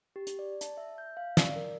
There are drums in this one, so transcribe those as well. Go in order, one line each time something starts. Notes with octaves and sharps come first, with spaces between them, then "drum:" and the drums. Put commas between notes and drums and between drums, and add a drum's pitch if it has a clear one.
G4
drum: hi-hat
D5
A5, drum: hi-hat
E5
G6
F5
D5, drum: snare
A#4